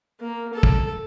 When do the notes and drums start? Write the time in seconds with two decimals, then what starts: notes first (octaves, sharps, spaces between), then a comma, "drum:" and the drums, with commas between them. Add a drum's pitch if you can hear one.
0.20 A#3
0.53 A4
0.63 drum: kick